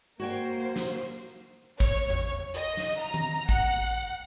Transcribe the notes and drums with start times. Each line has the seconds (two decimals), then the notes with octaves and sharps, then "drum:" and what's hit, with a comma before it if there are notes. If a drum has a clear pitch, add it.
0.20 A#3 F#4 C5 C#5 G5
0.76 drum: snare
1.29 drum: tambourine
1.80 C#5, drum: kick A1
2.10 drum: tom E2
2.54 D#5, drum: hi-hat
2.77 drum: snare
3.00 A#5
3.14 drum: tom D#3
3.49 F#5, drum: kick A1